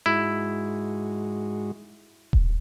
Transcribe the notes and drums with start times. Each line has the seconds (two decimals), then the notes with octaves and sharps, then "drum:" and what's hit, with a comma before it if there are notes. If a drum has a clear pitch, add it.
0.06 G#2 G#3 E4 F#4
2.33 drum: kick D#1